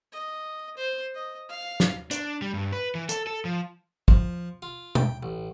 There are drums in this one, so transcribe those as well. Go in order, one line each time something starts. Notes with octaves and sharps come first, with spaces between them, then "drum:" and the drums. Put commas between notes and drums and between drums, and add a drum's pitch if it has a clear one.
D#5
C5
D#5
F5
drum: snare
D4, drum: hi-hat
G3
G2
B4
E3
A4, drum: hi-hat
A4
F3
F3, drum: kick
F4
G5, drum: tom B2
A1